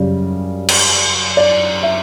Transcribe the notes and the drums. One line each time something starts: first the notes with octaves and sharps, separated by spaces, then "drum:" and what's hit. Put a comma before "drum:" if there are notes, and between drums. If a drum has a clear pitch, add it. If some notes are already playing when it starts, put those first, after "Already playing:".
Already playing: F#2 C#3 G3
drum: cymbal
D5
E5